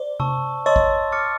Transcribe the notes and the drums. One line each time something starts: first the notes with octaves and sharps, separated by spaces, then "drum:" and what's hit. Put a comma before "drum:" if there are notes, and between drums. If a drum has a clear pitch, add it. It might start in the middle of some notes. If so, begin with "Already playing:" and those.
Already playing: C5 D5
A5 C#6 E6, drum: tom C3
C#5 D#5 A5 C6 E6 A6
drum: kick G#1
D6 F6 A6 C#7